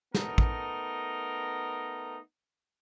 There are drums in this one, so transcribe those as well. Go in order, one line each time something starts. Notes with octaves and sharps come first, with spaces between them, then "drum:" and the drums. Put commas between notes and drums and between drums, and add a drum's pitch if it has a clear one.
A3 B3 D#4 A#4, drum: snare
drum: kick